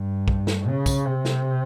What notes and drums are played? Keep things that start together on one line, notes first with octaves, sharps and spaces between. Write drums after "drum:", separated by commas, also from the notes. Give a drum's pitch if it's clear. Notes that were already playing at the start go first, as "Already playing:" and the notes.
Already playing: G2
drum: kick
drum: snare
C#3
drum: kick, tambourine
C3
drum: snare